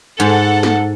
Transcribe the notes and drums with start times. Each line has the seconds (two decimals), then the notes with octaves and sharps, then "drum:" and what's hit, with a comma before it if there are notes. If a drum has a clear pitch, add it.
0.20 G#2 A4 F#5
0.63 drum: snare